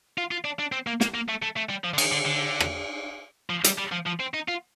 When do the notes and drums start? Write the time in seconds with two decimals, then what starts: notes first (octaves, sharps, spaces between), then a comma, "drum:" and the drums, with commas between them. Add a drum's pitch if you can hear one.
0.18 F4
0.31 F4
0.45 D4
0.59 D4
0.72 C4
0.87 A#3
1.01 A#3, drum: snare
1.14 A#3
1.28 A3
1.42 A3
1.56 A3
1.69 G3
1.84 F3
1.94 D3
1.98 D#3, drum: cymbal
2.12 D3
2.25 D3
2.60 drum: rim click
3.50 F3
3.64 G3, drum: hi-hat
3.78 G3
3.92 F3
4.06 F3
4.20 C4
4.34 D#4
4.48 F4